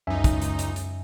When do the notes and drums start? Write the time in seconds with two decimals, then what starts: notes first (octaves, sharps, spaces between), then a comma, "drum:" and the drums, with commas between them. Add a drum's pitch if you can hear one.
0.07 C#2 F#2 D#4 E5 G#5
0.24 drum: kick, hi-hat
0.42 drum: hi-hat
0.59 drum: hi-hat
0.76 drum: hi-hat